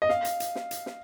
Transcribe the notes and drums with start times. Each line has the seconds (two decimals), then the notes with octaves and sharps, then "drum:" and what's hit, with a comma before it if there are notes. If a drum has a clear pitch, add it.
0.02 D#5
0.09 F5, drum: snare
0.25 drum: hi-hat
0.40 drum: hi-hat
0.55 drum: snare
0.71 drum: hi-hat
0.86 drum: snare